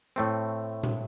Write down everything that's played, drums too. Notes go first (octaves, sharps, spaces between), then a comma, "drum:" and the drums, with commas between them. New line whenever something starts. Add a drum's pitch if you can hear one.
A2 A3 C4
drum: tom A#2